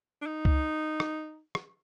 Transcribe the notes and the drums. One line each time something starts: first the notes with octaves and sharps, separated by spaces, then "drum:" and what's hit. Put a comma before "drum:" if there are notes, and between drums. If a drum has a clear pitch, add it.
D4
D#4
drum: kick C#2
drum: rim click
drum: rim click